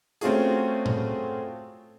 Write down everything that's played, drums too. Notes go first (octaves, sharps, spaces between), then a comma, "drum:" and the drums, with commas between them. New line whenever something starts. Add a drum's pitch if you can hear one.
A3 C4 C#4 F4 F#4 G#4, drum: hi-hat
drum: tom A2